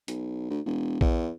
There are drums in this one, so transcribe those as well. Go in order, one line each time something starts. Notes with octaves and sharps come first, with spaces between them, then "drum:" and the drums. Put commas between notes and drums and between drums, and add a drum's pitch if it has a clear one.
B1, drum: hi-hat
D2
E1
E2, drum: kick A#1